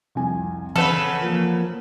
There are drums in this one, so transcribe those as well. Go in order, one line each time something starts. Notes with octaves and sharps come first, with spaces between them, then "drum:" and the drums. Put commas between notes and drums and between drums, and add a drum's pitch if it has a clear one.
C2 F2 G#5
C#3 A4 B4 F#5, drum: tom E3
F3 A#3